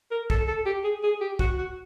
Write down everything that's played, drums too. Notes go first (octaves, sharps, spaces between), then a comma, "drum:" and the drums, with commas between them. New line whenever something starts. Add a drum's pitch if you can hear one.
A#4
A4, drum: kick
A4
G4
G#4
G#4
G4
F#4, drum: kick
F#4